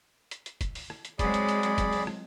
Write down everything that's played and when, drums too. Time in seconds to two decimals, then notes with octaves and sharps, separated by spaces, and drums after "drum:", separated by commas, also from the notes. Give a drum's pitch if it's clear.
0.31 drum: hi-hat
0.46 drum: hi-hat
0.61 drum: kick, hi-hat
0.75 drum: open hi-hat
0.90 drum: rim click
1.05 drum: hi-hat
1.19 F#3 G#3 C4 G#4 D5 B5, drum: kick, hi-hat
1.34 drum: hi-hat
1.49 drum: hi-hat
1.63 drum: hi-hat
1.78 drum: kick, hi-hat
1.93 drum: open hi-hat
2.07 drum: rim click